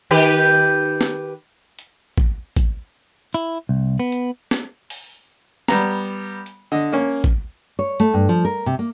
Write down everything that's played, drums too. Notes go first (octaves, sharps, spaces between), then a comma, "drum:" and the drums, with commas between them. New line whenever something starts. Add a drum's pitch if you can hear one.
D#3 G4 B4
drum: open hi-hat
drum: snare
drum: hi-hat
drum: kick
drum: kick, hi-hat
E4, drum: hi-hat
C2
B3
drum: hi-hat
drum: snare
drum: open hi-hat
G3 B3 A#5, drum: snare
drum: hi-hat
D3 D#5
A#3 C#4
drum: kick, hi-hat
C#5
A3, drum: hi-hat
G2
F3
A#4
C3
A#3